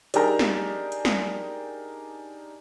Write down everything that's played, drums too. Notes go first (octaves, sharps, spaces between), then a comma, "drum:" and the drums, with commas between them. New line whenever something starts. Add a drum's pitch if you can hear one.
D4 D#4 G4 G#4 A#4 A#5, drum: hi-hat
drum: snare
drum: hi-hat
drum: snare